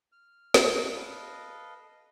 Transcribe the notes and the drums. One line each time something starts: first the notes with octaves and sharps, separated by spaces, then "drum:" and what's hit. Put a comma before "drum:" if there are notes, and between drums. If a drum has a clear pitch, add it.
F6
drum: snare
A4 B4 D#5 F5